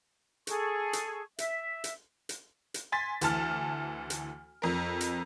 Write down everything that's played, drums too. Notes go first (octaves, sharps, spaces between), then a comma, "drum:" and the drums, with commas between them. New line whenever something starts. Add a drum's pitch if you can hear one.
G#4 A4 C#6, drum: hi-hat
drum: hi-hat
E5, drum: hi-hat
drum: hi-hat
drum: hi-hat
drum: hi-hat
G#5 C6 A6 B6
D2 E3 A5 F6, drum: hi-hat
drum: hi-hat
F2 A#4
drum: hi-hat